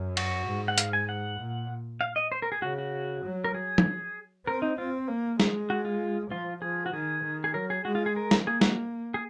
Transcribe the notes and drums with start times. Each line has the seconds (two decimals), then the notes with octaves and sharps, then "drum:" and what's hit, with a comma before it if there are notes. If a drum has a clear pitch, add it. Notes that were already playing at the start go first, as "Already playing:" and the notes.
Already playing: F#2
0.17 F#4, drum: cymbal
0.47 G#2
0.68 F#5
0.78 F5, drum: hi-hat
0.93 G#5
1.09 F#5
1.39 A#2
2.01 F5
2.16 D#5
2.32 C5
2.42 A#4
2.52 G#4
2.62 C#3 F#4
2.78 F#4
3.24 F#3
3.44 A#4
3.54 G#4
3.78 drum: tom
4.46 C4 A#4
4.62 D#4
4.78 C4 F4
5.08 A#3
5.40 G#3, drum: snare
5.70 F#4
5.85 F4
6.31 F3 F4
6.62 F3 G#4
6.86 F#4
6.93 D#3 G#4
7.24 D#3
7.44 G#4
7.54 F#3 A#4
7.70 G#4
7.85 G#3 F#4
7.95 F4
8.06 G#4
8.16 A#4
8.31 drum: snare
8.47 A#3 G#4
8.61 F#4, drum: snare
9.14 G#4